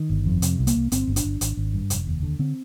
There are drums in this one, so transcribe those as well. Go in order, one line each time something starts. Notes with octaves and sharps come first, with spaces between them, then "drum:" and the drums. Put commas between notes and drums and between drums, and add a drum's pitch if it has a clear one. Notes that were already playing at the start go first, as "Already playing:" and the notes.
Already playing: D#3
G1
F2
C3, drum: hi-hat
C2
A#3, drum: hi-hat
C2
G1 C4, drum: hi-hat
G1
D4, drum: hi-hat
G1
G#1, drum: hi-hat
G#1
G2
F1, drum: hi-hat
D#2
D3
D3 C4